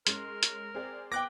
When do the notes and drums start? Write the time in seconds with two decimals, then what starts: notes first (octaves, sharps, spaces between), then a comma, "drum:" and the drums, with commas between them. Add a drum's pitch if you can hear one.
0.07 G#3 C#4 A#4 C6, drum: hi-hat
0.43 drum: hi-hat
0.74 C4 G#4 D5
1.12 B3 G5 D6 F#6 A#6